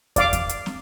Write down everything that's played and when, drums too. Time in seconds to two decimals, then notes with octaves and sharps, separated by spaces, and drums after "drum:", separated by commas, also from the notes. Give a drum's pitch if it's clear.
0.16 D5 F5 D6, drum: kick, hi-hat
0.33 drum: kick, hi-hat
0.49 drum: hi-hat
0.66 drum: snare